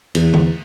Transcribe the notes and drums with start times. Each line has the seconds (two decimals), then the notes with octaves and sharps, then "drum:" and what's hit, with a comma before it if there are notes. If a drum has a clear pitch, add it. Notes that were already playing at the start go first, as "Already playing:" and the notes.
0.15 E2, drum: cymbal
0.34 drum: tom D3